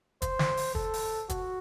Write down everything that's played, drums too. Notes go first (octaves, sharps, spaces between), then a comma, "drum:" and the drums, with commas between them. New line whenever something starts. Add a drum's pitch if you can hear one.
C5, drum: kick, hi-hat
drum: snare
drum: open hi-hat
A4, drum: kick
drum: open hi-hat
F#4, drum: kick, hi-hat